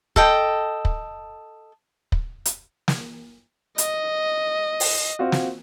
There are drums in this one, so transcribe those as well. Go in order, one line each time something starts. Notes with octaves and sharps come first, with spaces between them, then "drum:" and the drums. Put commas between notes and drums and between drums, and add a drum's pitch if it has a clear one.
A4 D#5 G5, drum: kick
drum: kick
drum: kick
drum: hi-hat
drum: snare
D#5, drum: hi-hat
drum: open hi-hat
C4 F4 F#4
drum: snare